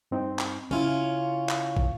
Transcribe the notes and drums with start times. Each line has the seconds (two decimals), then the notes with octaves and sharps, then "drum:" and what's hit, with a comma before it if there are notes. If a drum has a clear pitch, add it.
0.11 G2 C4 D#4
0.39 drum: clap
0.71 C#3 C#4 E4 F4
1.49 drum: clap
1.77 drum: kick